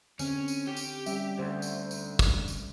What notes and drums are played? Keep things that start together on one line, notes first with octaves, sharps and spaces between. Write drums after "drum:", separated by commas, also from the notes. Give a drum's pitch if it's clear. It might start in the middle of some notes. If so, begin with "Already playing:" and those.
D3 C4 C#4, drum: tambourine
drum: tambourine
G4
drum: tambourine
G3 C#4 E5, drum: tambourine
D2 C5
drum: tambourine
drum: tambourine
drum: kick, tambourine
drum: tambourine